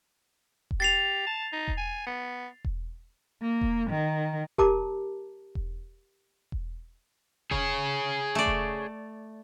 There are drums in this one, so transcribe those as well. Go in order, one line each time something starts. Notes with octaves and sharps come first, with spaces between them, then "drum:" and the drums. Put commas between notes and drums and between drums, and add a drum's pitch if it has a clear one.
drum: kick E1
G4 A6 C7 F7
A5
D#4
drum: kick E1
G#5
B3
drum: kick E1
A#3
drum: kick E1
D#3
G4 A#4 A5 A#5 D6, drum: kick E1
drum: kick E1
drum: kick E1
G#4 C#5, drum: kick E1
A3 D5
drum: kick E1